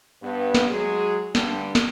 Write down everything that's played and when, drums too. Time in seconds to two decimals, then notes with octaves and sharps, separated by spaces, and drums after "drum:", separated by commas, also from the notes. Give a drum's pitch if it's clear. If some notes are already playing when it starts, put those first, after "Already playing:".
0.22 G2 B3
0.54 drum: snare
0.70 F#3 G#3 G#4
1.35 G2 D3 G3, drum: snare
1.75 drum: snare